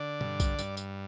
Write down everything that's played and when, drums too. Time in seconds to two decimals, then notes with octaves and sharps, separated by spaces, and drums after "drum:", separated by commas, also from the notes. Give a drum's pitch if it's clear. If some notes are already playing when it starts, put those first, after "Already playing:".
Already playing: D3 D5
0.21 G2, drum: tom
0.40 drum: kick B1, tambourine
0.59 G2, drum: tambourine
0.77 drum: tambourine